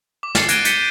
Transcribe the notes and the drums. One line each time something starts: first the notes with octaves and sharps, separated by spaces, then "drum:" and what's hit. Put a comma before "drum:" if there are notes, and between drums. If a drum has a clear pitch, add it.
D6
A6 C7 C#7, drum: snare
F#6 G#6 A#6 D7 D#7 G7, drum: hi-hat
G6 A6 B6 C#7 D#7 G7, drum: hi-hat